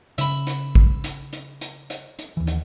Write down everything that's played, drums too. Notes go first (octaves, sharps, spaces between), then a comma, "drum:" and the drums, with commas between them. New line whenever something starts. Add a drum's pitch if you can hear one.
C#3 E5 B5, drum: hi-hat
drum: hi-hat
drum: kick A1
drum: hi-hat
drum: hi-hat
drum: hi-hat
drum: hi-hat
drum: hi-hat
D#2 E3
drum: hi-hat